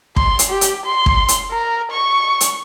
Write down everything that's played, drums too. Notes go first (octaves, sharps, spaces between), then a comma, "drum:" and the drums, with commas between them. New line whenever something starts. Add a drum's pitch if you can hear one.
C6, drum: kick
drum: hi-hat
G4
drum: hi-hat
C6
drum: kick
drum: hi-hat
A#4
C#6
drum: hi-hat